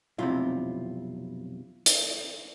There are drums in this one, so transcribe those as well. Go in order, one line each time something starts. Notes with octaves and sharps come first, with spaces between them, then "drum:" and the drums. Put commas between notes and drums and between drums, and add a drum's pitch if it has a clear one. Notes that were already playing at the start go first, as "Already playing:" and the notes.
B1 F2 C3 E4 F4
drum: hi-hat